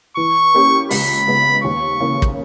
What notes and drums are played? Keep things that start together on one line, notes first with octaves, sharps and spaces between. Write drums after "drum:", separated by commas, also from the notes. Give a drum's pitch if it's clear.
E3 C#6
A#3 C#4 G4
C#2 B5, drum: open hi-hat
C#3 G#3 B3
D#2 C#6
C#3 E3 A#3
drum: kick